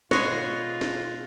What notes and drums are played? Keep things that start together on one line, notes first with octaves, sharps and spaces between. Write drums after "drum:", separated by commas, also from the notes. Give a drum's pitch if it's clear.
B2 G#3 F4 G#4 C#5 F#6 A#6, drum: snare
drum: snare